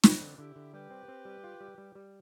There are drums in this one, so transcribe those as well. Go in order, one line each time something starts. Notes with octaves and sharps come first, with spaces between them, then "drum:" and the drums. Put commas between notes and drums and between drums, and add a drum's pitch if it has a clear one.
C4 D4 F4, drum: snare
D3
F4
D3 E4 G4
D3
G3 G4 B4
C4
C4
G3
F4
G3
G3
G3